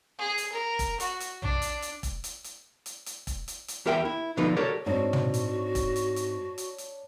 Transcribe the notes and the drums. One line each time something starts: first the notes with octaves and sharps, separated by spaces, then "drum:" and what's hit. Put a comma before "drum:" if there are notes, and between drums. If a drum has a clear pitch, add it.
G#4
drum: hi-hat
A#4
drum: kick E1, hi-hat
F#4, drum: hi-hat
drum: hi-hat
D4, drum: tom
drum: hi-hat
drum: hi-hat
drum: kick E1, hi-hat
drum: hi-hat
drum: hi-hat
drum: hi-hat
drum: hi-hat
drum: kick E1, hi-hat
drum: hi-hat
drum: hi-hat
E2 G4 A#4 E5 F#5 G5
E4
B2 D3 F3 D#4 B4
F#4 G4 A4 A#4 C#5 D5
G#2 C4 D4 F#4 C#5
drum: tom
drum: hi-hat
drum: kick E1, hi-hat
drum: hi-hat
drum: hi-hat
drum: hi-hat
drum: hi-hat